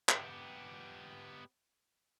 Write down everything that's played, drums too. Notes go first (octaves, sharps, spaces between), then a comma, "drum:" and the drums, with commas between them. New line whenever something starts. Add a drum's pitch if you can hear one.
B3 G4, drum: clap